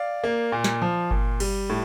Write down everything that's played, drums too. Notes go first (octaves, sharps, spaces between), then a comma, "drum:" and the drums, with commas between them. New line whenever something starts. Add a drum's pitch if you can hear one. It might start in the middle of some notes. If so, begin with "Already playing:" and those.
Already playing: D5 F5
A#3
A#2
drum: snare
F3
A#2, drum: kick G1
G3, drum: cymbal
A2